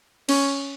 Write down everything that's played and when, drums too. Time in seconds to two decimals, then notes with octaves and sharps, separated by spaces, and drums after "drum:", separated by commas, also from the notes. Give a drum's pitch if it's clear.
0.29 C#4, drum: cymbal